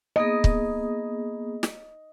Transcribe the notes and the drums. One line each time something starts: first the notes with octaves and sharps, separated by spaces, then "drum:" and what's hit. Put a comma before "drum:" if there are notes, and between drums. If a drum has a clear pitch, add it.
A#3 B3 G#4 D#5
drum: kick
drum: snare